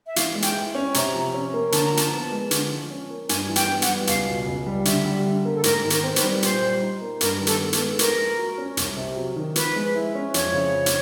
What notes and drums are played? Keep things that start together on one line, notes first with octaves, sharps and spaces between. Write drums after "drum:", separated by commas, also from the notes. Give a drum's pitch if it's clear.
E5
E3 F5, drum: hi-hat
G#3
G5, drum: hi-hat
E4
C#4
C3 A#5, drum: hi-hat
F3
C#4
A#3
D3 A5, drum: hi-hat
A#5
F3
A5, drum: hi-hat
B3
G#3
D3, drum: hi-hat
F3
C#4
A#3
G2 G#5, drum: hi-hat
E3
G5, drum: hi-hat
B3
F#5, drum: hi-hat
G3
C#2 F5, drum: hi-hat
B2
C#2
G3
D3 E5, drum: hi-hat
G3
D3
A#3
A4
G#2 A#4, drum: hi-hat
D#3
A#4, drum: hi-hat
C4
B4, drum: hi-hat
G3
A#2 C5, drum: hi-hat
G3
D#4
A#3
G2 A#4, drum: hi-hat
D#3
A4, drum: hi-hat
B3
A4, drum: hi-hat
G#3
F3 A#4, drum: hi-hat
A#3
F#4
C#4
C2, drum: hi-hat
C3
F#3
D#3
F3 B4, drum: hi-hat
G#3
E4
C#4
F2 C#5, drum: hi-hat
C#3
F2
drum: hi-hat